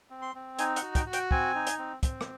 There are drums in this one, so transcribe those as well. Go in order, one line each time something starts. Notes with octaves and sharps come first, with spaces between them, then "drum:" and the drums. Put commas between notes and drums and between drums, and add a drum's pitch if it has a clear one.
C4
C6
C4
D#4 G#5, drum: hi-hat
F#5, drum: hi-hat
F#4
G5, drum: kick, hi-hat
F#4
G5, drum: hi-hat
C4 G#5, drum: kick
D#4
drum: hi-hat
C4
C4, drum: kick, hi-hat
drum: rim click